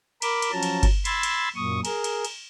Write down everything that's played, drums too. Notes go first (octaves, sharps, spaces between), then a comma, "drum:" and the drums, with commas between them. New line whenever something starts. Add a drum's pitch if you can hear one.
A#4 B5 D6, drum: cymbal
drum: cymbal
F3 F#3 C#4 A5 A#5
drum: cymbal
drum: kick G1, cymbal
B5 C6 E6 G#6 A6, drum: cymbal
drum: cymbal
F#2 A#2 C#6 D#6
G#4 A#4, drum: cymbal
drum: cymbal
drum: cymbal